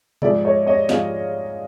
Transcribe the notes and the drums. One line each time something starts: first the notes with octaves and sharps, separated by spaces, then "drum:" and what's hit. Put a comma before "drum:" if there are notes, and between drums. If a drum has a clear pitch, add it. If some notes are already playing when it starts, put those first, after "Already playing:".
G#2 F3 G#3 D5 E5, drum: tom B2
C#5 D#5
C#5 D#5
G#2 F3 G#3 D#5 F5, drum: snare